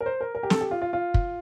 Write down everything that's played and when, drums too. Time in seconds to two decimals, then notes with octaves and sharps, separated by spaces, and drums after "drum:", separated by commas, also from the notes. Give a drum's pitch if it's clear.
0.01 A#4
0.06 C5
0.21 A#4
0.35 A#4
0.43 G4
0.50 A4, drum: snare
0.61 G4
0.71 F4
0.81 F4
0.93 F4
1.14 drum: kick